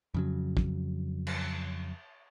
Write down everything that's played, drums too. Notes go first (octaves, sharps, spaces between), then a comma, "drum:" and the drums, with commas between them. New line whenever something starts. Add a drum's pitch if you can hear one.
F2 C#3 F#3
drum: kick
drum: cymbal